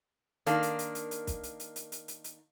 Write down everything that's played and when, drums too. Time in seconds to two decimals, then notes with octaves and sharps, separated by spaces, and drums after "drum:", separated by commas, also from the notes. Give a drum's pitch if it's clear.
0.46 D#3 A#3 D4, drum: hi-hat
0.63 drum: hi-hat
0.79 drum: hi-hat
0.95 drum: hi-hat
1.11 drum: hi-hat
1.27 drum: kick, hi-hat
1.43 drum: hi-hat
1.60 drum: hi-hat
1.76 drum: hi-hat
1.92 drum: hi-hat
2.08 drum: hi-hat
2.24 drum: hi-hat